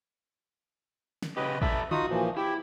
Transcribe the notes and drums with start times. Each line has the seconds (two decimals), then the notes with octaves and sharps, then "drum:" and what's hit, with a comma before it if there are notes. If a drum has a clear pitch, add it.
1.22 drum: snare
1.37 C#3 F#3 G4 B4 D#5
1.62 A4 B4 D5 E5, drum: kick
1.91 D#4 F4 F#4 D#6, drum: tom D3
2.10 A#2 E3 F3
2.37 E4 G4